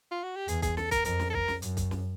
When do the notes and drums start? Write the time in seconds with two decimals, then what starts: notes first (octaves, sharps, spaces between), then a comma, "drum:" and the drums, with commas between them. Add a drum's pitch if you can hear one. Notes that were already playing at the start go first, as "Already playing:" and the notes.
0.11 F4
0.23 F#4
0.36 G4
0.48 E2 G#4, drum: hi-hat
0.62 G#4, drum: kick, hi-hat
0.77 A4, drum: snare
0.91 A#4, drum: kick, hi-hat
1.05 F2 A#4, drum: hi-hat
1.19 drum: snare
1.30 A4
1.34 A#4, drum: kick
1.48 drum: snare
1.62 F#2, drum: hi-hat
1.77 drum: kick, hi-hat
1.91 drum: snare